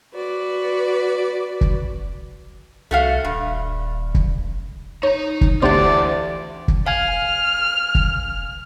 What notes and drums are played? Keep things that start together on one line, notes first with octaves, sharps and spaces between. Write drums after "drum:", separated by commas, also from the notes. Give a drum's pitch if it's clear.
F#4 B4 D5
drum: kick
C2 A3 F#4 F5
D#1 G2
drum: kick
D#4 C#5 A#5
drum: kick
D2 E3 F4 G4 C5 D5 F#5
drum: kick
F5 G#5 F6 G#6
drum: kick